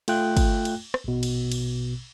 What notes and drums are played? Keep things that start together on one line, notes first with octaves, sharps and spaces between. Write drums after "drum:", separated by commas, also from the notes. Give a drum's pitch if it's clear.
A3 F4 G5 F#6, drum: cymbal
drum: kick, cymbal
drum: cymbal
drum: rim click
A#1 B2
drum: cymbal
drum: cymbal